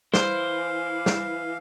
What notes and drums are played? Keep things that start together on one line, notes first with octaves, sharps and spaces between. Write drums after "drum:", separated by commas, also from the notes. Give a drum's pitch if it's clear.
E3 C5 F5, drum: snare
drum: snare